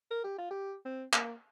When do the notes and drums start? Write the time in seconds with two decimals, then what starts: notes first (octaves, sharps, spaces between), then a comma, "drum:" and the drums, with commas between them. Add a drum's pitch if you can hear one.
0.11 A#4
0.24 G4
0.38 F4
0.51 G4
0.85 C4
1.13 A#3, drum: clap